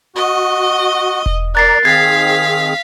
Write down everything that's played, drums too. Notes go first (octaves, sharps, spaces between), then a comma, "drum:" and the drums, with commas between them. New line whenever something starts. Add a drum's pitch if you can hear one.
F#4 D#5
drum: kick E1
A#4 D5 A#5 F#6 A6 C7
D#3 C4 G#4 F5 G#6 B6 C7